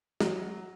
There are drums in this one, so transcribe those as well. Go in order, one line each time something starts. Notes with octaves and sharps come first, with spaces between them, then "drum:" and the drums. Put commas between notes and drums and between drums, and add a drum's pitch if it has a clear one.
F#3, drum: snare